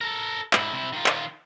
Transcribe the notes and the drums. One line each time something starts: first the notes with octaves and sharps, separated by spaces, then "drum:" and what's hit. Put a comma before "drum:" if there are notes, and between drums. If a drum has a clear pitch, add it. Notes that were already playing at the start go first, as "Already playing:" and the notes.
A4 A#4
G#2 E4, drum: clap
C3 E4
D#3 F4
drum: clap